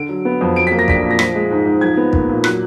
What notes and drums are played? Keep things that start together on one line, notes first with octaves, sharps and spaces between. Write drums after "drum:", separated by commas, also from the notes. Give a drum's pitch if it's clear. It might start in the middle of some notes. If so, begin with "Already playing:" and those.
Already playing: D3 D7
F#3
B3
F2
F#3 D7
A#3 B6
A#6
D4 B6, drum: kick
A#2
A#6
F3 B6, drum: rim click
G#3
G#2
G#2
F3 G#6
B3
A#2, drum: kick
A#2
F#3 F#6, drum: rim click